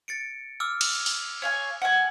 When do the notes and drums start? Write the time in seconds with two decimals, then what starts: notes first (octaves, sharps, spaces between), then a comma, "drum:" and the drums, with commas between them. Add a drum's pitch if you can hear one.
0.08 A6 C#7 D7
0.60 D6 E6 F6
0.81 drum: cymbal
1.06 drum: open hi-hat
1.42 C#5 F5 G#5
1.82 F#5 G#5